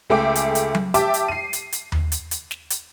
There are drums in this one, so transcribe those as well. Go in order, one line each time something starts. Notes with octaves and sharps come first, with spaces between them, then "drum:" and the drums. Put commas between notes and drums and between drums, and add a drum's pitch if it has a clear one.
C#2 A3 G#4 E5 G5 D6
drum: hi-hat
drum: hi-hat
drum: tom F#3
G4 E5 G5 A5 D6, drum: hi-hat
drum: hi-hat
C7 D#7
drum: hi-hat
drum: hi-hat
drum: tom D#2
drum: hi-hat
drum: hi-hat
drum: snare
drum: hi-hat